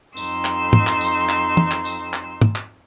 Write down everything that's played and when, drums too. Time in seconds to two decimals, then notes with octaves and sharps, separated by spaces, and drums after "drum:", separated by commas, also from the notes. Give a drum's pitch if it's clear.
0.17 F2 D#4 C6 E6, drum: tambourine
0.45 drum: clap
0.73 drum: tom
0.87 drum: clap
1.01 drum: tambourine
1.29 drum: clap
1.57 drum: tom
1.71 drum: clap
1.85 drum: tambourine
2.13 drum: clap
2.41 drum: tom
2.56 drum: clap